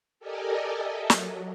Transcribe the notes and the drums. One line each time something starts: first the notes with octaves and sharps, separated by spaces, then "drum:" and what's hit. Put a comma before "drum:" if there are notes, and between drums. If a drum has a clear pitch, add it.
G4 A4 A#4 D5 D#5 G#5
A4 D#5 E5
F#3, drum: snare